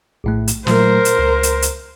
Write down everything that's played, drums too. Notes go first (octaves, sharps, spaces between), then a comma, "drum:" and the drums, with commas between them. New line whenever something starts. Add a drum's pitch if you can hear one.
A#1 A2 A3
drum: hi-hat
A#2 F#3 A3 A#4 C5, drum: snare
drum: hi-hat
C#2
drum: hi-hat
drum: hi-hat